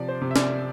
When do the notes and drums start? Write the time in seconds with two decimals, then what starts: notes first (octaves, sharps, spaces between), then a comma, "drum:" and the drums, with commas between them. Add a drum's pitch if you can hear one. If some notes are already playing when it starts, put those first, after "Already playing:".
Already playing: C3 F3 D5
0.08 C5
0.21 C3
0.31 E5
0.36 D5, drum: snare